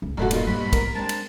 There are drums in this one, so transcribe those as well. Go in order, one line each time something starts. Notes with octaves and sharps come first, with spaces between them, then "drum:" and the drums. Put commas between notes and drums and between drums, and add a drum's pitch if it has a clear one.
C#2
D#1 G2 G#3 A3 C#4 F#4 A4
A#3 D#4 F4, drum: cymbal
G#2 B2 G3 A#3 B5
A#4, drum: kick, cymbal
G#3 C4 D4 A5
drum: cymbal